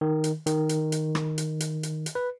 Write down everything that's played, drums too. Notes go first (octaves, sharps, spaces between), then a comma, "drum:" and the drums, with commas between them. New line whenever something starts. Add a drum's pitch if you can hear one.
D#3
drum: hi-hat
D#3, drum: hi-hat
drum: hi-hat
drum: hi-hat
drum: rim click
drum: hi-hat
drum: hi-hat
drum: hi-hat
drum: hi-hat
B4